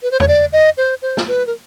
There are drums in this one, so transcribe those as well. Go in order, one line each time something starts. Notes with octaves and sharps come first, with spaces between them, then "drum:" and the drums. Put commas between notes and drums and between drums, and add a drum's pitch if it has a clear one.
B4
C5
C#5, drum: tom E2
D5
D#5
C5
C5
drum: snare
B4
A#4